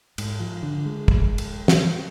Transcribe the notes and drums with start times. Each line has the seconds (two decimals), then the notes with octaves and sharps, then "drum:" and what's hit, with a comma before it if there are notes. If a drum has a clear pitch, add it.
0.18 G#2, drum: cymbal
0.40 F3
0.63 D3
0.86 G#3
1.08 drum: kick
1.38 drum: cymbal
1.68 drum: snare